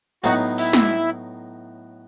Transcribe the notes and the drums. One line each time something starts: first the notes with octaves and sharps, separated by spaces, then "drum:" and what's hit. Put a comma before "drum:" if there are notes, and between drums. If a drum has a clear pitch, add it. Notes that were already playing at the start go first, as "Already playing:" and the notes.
A2 F#3 B3 D#4 F#4, drum: hi-hat
E4, drum: open hi-hat
drum: snare